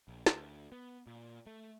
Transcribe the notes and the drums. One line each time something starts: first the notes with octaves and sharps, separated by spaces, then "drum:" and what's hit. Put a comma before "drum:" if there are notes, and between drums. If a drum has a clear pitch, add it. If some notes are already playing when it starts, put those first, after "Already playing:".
A#1
D2, drum: snare
B3
A#2
A3